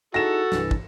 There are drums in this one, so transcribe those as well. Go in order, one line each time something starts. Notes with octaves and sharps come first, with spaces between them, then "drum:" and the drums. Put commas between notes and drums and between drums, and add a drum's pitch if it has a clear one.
D#4 E4 F#4 G#4 A4 A#6 E7
C2 G2 E3, drum: snare
drum: kick